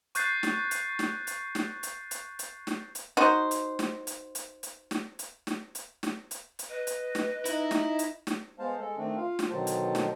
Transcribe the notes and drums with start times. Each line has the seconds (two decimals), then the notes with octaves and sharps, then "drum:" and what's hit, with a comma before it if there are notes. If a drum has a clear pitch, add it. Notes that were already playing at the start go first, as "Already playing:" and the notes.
0.15 C#6 F#6 G6 A6 C7, drum: hi-hat
0.43 drum: snare
0.71 drum: hi-hat
0.99 drum: snare
1.27 drum: hi-hat
1.55 drum: snare
1.83 drum: hi-hat
2.11 drum: hi-hat
2.39 drum: hi-hat
2.67 drum: snare
2.95 drum: hi-hat
3.17 D#4 F#4 C5
3.51 drum: hi-hat
3.79 drum: snare
4.07 drum: hi-hat
4.35 drum: hi-hat
4.63 drum: hi-hat
4.91 drum: snare
5.19 drum: hi-hat
5.47 drum: snare
5.75 drum: hi-hat
6.03 drum: snare
6.31 drum: hi-hat
6.59 drum: hi-hat
6.70 B4 D#5
6.87 drum: hi-hat
7.15 drum: snare
7.45 D#4 E4, drum: hi-hat
7.71 drum: snare
7.99 drum: hi-hat
8.27 drum: snare
8.59 G#3 B3 C5 F5 A5
8.79 G#3 A4
8.97 D#3 A3 C4 D4
9.17 F4 F5
9.39 drum: snare
9.50 B2 D3 D#3 F#3 C5 A5
9.67 drum: hi-hat
9.95 drum: snare